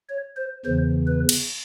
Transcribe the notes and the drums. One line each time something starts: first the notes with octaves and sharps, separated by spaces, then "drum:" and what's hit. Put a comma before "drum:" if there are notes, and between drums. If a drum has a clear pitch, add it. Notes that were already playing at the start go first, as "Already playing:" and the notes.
C#5
C5
E2 C#3 E3 C5
B4
drum: cymbal